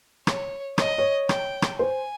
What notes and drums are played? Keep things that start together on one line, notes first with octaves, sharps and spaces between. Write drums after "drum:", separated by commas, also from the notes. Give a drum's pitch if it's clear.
C#5, drum: rim click
C#5 D#5, drum: rim click
C#5
G5, drum: rim click
drum: rim click
C5 G#5